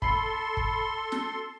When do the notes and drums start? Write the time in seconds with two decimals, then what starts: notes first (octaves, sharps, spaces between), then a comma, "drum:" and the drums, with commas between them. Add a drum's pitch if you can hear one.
0.02 A4 B5 C6 C7, drum: kick
0.57 drum: kick
1.12 drum: snare